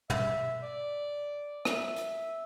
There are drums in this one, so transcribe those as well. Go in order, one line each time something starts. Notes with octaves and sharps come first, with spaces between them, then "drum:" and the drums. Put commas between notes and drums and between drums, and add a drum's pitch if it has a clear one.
E5, drum: tom
D5
E5, drum: rim click
drum: hi-hat